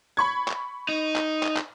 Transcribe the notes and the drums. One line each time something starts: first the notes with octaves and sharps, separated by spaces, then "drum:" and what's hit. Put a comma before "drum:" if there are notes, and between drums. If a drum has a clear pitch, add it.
B5 C#6 G#6
drum: clap
D#4
drum: clap
drum: clap
drum: clap